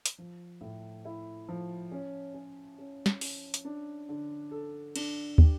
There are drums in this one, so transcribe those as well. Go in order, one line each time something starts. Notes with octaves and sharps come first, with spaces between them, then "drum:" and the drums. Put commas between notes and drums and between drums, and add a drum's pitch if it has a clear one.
drum: hi-hat
F3
A2
E4
F3
C#4
C#4
C#4
drum: snare
C#4, drum: open hi-hat
drum: hi-hat
D4
D3
A4
D4, drum: cymbal
G4, drum: kick